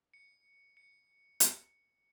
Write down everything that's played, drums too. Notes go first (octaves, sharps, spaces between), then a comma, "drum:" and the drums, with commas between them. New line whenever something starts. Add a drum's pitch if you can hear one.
C#7
C#7
drum: hi-hat